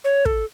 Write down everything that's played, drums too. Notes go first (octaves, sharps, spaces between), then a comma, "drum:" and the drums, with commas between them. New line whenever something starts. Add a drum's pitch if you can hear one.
C#5
A4, drum: kick